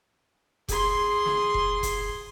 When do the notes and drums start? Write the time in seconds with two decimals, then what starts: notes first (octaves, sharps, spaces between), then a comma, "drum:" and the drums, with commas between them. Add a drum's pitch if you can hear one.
0.68 G#4 C6, drum: kick F1, hi-hat
1.26 drum: snare
1.54 drum: kick F1
1.83 drum: kick F1, hi-hat